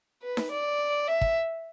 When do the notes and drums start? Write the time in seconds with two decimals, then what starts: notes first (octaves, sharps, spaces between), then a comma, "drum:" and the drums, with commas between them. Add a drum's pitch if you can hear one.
0.23 B4
0.37 drum: snare D#4
0.51 D5
1.07 E5
1.21 drum: kick